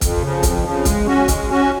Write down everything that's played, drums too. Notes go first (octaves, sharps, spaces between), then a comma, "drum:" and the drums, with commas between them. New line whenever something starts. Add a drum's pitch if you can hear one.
F2, drum: kick, hi-hat
C#3
F3
F2, drum: kick, hi-hat
C#3 F3
G#3, drum: kick, hi-hat
C#4 F#4
G#3, drum: kick, hi-hat
C#4 F#4